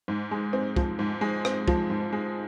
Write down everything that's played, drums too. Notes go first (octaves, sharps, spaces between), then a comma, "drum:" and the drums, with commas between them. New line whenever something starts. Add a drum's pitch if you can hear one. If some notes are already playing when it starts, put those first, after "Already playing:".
G#2
G#3
C4
F3, drum: kick
G#2
G#3
C4, drum: rim click
F3, drum: kick
G#2
G#3